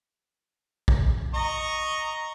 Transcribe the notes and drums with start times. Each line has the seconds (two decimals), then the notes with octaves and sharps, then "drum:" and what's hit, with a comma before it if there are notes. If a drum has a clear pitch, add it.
0.88 drum: kick A#1
1.34 D#5 A#5 C#6